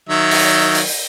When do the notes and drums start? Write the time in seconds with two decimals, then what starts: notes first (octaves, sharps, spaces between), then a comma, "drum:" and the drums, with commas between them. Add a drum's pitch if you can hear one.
0.09 D#3 F#3 E5
0.31 drum: open hi-hat
0.75 drum: open hi-hat